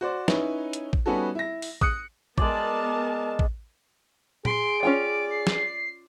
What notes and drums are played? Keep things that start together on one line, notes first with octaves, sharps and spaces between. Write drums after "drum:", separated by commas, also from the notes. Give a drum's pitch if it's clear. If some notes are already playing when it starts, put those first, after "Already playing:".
F#4 C5 D5
C#4 D#4 E4 B4 C#5, drum: snare
drum: hi-hat
drum: kick A1
G3 B3 C#4 D#4 F#4 A4
E4 A#6
drum: open hi-hat
D#6 F#6 C#7, drum: kick A1
G#3 B3 G#4 A#4 D5 A5, drum: kick A1
drum: kick A1
G#4 C6 D7, drum: tom A#2
C#4 F4 D5 G5
C7
drum: snare